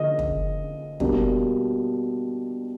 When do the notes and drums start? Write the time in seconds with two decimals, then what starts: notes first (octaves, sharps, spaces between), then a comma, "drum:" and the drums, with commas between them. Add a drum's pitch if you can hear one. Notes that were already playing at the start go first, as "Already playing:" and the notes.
Already playing: D3 F3 A#3 D#5
0.19 drum: kick
1.00 B2 G3 A#3 D4, drum: kick